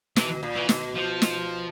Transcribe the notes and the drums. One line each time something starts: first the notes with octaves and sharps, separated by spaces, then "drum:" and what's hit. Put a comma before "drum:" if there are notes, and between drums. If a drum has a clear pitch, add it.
B2 E3, drum: snare
A#2
E3
B2, drum: snare
F3
drum: snare